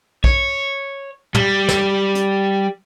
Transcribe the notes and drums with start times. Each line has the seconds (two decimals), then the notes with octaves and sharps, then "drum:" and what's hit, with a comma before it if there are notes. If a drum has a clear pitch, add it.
0.24 C#5, drum: kick A#1
1.35 G3, drum: tom
1.69 drum: snare
2.15 drum: hi-hat